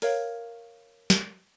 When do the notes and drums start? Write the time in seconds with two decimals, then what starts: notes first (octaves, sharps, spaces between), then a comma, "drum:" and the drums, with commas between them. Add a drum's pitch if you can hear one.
0.02 A#4 C#5 F5, drum: open hi-hat
1.10 drum: snare